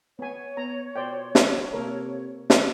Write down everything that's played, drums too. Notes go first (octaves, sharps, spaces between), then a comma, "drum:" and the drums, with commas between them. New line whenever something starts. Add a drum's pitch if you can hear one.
B3 C#5 G#5
B3 A#5
B2 C5 D5 G5
drum: snare
C3 A#3 A4 A#4
drum: snare